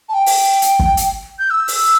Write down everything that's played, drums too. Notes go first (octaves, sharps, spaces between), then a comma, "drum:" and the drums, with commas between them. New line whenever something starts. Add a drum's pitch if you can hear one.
A5
G5
drum: open hi-hat
drum: hi-hat
drum: kick
drum: hi-hat
G6
E6
drum: open hi-hat